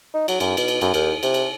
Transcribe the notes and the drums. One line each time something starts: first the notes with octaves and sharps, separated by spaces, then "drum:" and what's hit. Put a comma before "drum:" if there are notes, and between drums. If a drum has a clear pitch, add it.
D#4
F#3, drum: cymbal
F#2, drum: cymbal
B2, drum: cymbal
drum: cymbal
F#2, drum: cymbal
D#2, drum: cymbal
C3, drum: cymbal
drum: cymbal